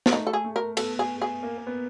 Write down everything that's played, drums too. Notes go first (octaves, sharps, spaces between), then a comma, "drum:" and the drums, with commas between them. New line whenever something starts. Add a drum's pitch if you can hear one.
A#3, drum: snare
A3 D#4
A4
G#4
A3
A#4
B3 A4, drum: cymbal
G#4
G#4
A#3
A#3
B3